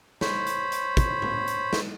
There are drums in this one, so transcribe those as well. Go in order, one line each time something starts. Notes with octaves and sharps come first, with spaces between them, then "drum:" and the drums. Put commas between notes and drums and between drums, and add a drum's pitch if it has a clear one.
C5 C#5 B5, drum: snare
drum: hi-hat
drum: hi-hat
drum: kick, hi-hat
drum: tom A2
drum: hi-hat
drum: snare